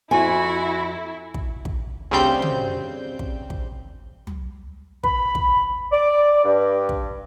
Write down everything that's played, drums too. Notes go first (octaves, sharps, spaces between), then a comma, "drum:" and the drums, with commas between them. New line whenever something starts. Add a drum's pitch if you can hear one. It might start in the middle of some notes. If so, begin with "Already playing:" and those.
F2 E4 F#4 G#5
drum: kick
drum: kick
D2 C#3 G3 C4 G6
drum: tom
drum: kick
drum: kick
drum: tom
B5, drum: kick
drum: kick
D5
G2
drum: kick